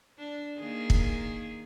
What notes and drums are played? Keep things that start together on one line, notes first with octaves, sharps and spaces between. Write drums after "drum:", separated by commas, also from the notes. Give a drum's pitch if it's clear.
D4
D#3 A#3 G#4
drum: kick